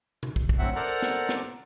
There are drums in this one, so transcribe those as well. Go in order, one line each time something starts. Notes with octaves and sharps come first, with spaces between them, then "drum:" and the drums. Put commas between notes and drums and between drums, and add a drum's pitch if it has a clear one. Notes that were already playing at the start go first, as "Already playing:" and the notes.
drum: tom B2
drum: kick
drum: kick
D2 A2 F#3 C4 E5 F#5
A4 A#4 C5 D5 F#5 A#5
drum: snare
drum: snare